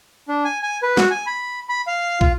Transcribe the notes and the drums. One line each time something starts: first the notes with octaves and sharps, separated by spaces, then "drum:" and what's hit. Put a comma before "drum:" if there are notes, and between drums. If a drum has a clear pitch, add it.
D4
G#5
G#5
B4
F#4, drum: snare
G#5
B5
B5
F5
F4, drum: kick